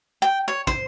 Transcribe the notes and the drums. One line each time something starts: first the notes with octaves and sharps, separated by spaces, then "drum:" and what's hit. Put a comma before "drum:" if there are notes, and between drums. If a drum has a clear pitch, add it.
G5
C#5
C5, drum: kick